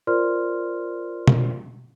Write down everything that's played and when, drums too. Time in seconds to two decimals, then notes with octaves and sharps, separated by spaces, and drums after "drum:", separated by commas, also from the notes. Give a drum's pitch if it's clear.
0.07 F4 A#4 C5 D5 C6 F6
1.28 drum: tom B2